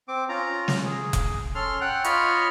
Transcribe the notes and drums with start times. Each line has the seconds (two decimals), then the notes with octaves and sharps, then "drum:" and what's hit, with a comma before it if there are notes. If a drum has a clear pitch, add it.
0.08 C4 D6
0.29 C#4 F4 A#5
0.68 drum: snare
0.85 G#4
1.13 drum: kick F1, hi-hat
1.55 C#4 A4 C6 F6
1.81 F#5 G5 F#6
2.04 F4 C#5 D#5 B5 C#6 F6, drum: hi-hat